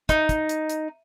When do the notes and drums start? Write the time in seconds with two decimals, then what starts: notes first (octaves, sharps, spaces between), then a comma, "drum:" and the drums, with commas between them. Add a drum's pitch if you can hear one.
0.09 D#4, drum: kick, hi-hat
0.29 drum: kick, hi-hat
0.49 drum: hi-hat
0.69 drum: hi-hat